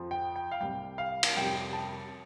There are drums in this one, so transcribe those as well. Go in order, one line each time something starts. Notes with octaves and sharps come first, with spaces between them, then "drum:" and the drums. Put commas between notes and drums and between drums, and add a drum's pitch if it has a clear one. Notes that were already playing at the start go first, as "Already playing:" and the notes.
Already playing: F2 F3
G5
G5
F5
C2 C3 G3 G5
F5
drum: cymbal
F2 C3 G3 G5
A5